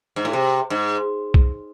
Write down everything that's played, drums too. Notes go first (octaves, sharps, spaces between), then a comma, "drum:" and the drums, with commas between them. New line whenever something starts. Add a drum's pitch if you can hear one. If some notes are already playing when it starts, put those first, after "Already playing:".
G#2
A2
C3
G#2
drum: kick